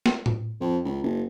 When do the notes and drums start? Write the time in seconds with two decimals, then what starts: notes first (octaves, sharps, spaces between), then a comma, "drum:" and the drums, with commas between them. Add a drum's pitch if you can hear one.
0.06 drum: snare
0.26 drum: tom A2
0.61 F2
0.85 C#2
1.03 F#1